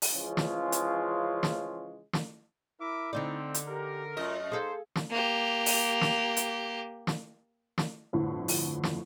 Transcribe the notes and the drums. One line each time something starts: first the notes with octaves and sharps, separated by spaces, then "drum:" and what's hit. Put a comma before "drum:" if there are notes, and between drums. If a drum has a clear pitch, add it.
drum: open hi-hat
C#3 E3 F3 G#3 C#4 F4
drum: snare
drum: hi-hat
drum: snare
drum: snare
E4 A#4 E5 D6
D3 C4 D#4 D5
drum: hi-hat
G4 A#4
F#2 A3 F4 D#5
D#4 G#4 A4 C5 F5
drum: snare
A#3 G4
drum: open hi-hat
drum: snare
drum: hi-hat
drum: snare
drum: snare
G1 F2 A2 D3 F3
drum: open hi-hat
drum: snare